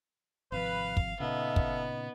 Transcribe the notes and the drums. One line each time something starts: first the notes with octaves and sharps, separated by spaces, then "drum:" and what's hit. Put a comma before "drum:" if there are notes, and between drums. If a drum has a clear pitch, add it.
G#1 C3 F3 B4 F5
drum: kick
A#2 C#3 B3 D#4 A4 E5 F5
drum: kick